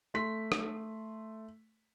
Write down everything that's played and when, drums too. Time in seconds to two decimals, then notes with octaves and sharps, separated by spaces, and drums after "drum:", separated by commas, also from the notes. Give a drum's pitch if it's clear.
0.14 A3 C6 B6
0.52 drum: rim click